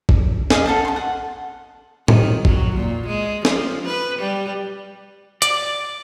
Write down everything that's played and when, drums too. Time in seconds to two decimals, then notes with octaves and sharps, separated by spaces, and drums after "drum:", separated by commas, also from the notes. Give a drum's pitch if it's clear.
0.09 drum: kick
0.50 G#4 D#5 F5, drum: snare
0.66 A4 F#5 A5
0.85 A5 C6
0.96 F#5
2.08 D#3, drum: tom A2
2.45 F#3, drum: kick
2.76 A#2
3.07 G#3
3.45 F3, drum: snare
3.86 B4
4.19 G3
5.42 D5, drum: hi-hat